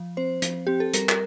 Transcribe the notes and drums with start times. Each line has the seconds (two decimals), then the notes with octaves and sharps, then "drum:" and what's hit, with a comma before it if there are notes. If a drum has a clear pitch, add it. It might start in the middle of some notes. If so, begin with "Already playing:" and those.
Already playing: F3
0.17 C4 C5
0.42 F3, drum: hi-hat
0.67 C4 G4
0.80 A4
0.94 G3 A#4, drum: hi-hat
1.09 A#4, drum: clap